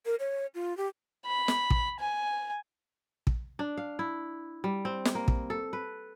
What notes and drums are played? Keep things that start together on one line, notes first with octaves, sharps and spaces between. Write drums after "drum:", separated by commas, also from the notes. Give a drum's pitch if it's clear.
A#4
C#5
F4
G4
B5
drum: snare
drum: kick
G#5
drum: kick
D4
F5
E4
G3
C4
drum: snare
A#3
drum: kick
A4
B4